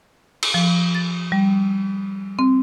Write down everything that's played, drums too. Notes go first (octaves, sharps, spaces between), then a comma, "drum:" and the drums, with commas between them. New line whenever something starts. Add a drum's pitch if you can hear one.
drum: cymbal
F3
A6
G3
C4